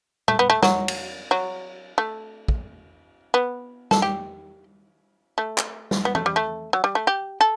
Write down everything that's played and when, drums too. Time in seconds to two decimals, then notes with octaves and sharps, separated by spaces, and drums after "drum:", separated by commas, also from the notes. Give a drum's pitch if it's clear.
0.28 A3, drum: tom A#2
0.39 B3
0.50 A3
0.63 F#3, drum: snare
0.88 drum: cymbal
1.31 F#3
1.98 A3
2.48 drum: kick
3.34 B3
3.91 A4, drum: snare
4.02 G4
5.38 A3
5.58 drum: clap
5.91 drum: snare
6.05 B3
6.15 A3, drum: tom
6.26 G3
6.36 A3
6.73 F#3
6.84 G3
6.95 A3
7.07 G4
7.41 A4